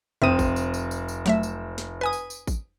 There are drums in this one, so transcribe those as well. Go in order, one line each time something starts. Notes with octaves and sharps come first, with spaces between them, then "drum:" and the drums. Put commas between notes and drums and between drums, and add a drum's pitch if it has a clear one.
F1 C4 E5 D#6 D#7
drum: kick A1, tambourine
drum: tambourine
drum: tambourine
drum: tambourine
drum: tambourine
F#3 A3 E5, drum: snare
drum: tambourine
drum: snare
B4 G#5 D#6
drum: tambourine
drum: tambourine
drum: kick A1, tambourine